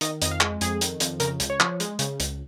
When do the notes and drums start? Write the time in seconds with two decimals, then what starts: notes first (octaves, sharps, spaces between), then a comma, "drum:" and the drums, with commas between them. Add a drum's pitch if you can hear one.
0.01 D#3 D#5, drum: hi-hat
0.22 F2 D#5, drum: hi-hat
0.31 F5
0.41 G#3, drum: clap
0.61 F2 G#4, drum: hi-hat
0.81 D#3, drum: hi-hat
1.00 F2, drum: hi-hat
1.20 C#3 A#4, drum: hi-hat
1.40 C#2, drum: hi-hat
1.50 C#5
1.60 F3, drum: clap
1.80 G#3, drum: hi-hat
1.99 C#3, drum: hi-hat
2.20 C#2, drum: hi-hat